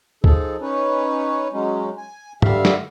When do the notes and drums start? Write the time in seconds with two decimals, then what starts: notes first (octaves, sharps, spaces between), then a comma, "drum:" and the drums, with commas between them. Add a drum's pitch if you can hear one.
0.24 F3 D#4 G#4 A4, drum: kick
0.61 C#4 D#4 B4 C#5
1.53 F#3 G#3 C#4 D#4
1.97 G#5
2.42 G2 D3 G3 E5 F5, drum: tom
2.65 drum: snare